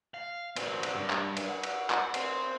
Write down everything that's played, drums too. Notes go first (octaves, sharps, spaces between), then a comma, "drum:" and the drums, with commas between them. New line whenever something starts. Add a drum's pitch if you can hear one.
F5
C4 F#4, drum: cymbal
drum: cymbal
G2
drum: clap
drum: cymbal
F#5
drum: cymbal
drum: clap
C4 C5, drum: cymbal